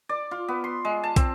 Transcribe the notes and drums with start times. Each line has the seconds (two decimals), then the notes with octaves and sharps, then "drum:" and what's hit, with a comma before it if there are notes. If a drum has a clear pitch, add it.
0.09 D5
0.31 F4
0.48 B3
0.64 C6
0.85 G#3
1.04 A5
1.16 C4, drum: kick, hi-hat